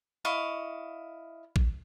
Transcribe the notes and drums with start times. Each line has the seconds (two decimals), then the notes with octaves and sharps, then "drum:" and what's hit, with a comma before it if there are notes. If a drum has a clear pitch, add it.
0.25 E4 D#5 F5 C#6
1.56 drum: kick